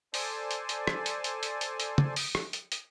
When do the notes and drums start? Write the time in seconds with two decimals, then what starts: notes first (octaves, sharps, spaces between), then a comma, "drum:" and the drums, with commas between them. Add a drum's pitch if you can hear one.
0.14 A4 C5 D5 G#5 A5, drum: open hi-hat
0.51 drum: hi-hat
0.69 drum: hi-hat
0.87 drum: rim click
1.06 drum: hi-hat
1.24 drum: hi-hat
1.43 drum: hi-hat
1.61 drum: hi-hat
1.80 drum: hi-hat
1.98 drum: tom
2.16 drum: open hi-hat
2.35 drum: rim click
2.53 drum: hi-hat
2.72 drum: hi-hat